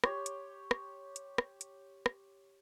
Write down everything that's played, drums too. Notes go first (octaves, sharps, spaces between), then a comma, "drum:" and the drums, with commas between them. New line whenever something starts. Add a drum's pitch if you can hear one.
G4 C#5 C6, drum: rim click
drum: hi-hat
drum: rim click
drum: hi-hat
drum: rim click
drum: hi-hat
drum: rim click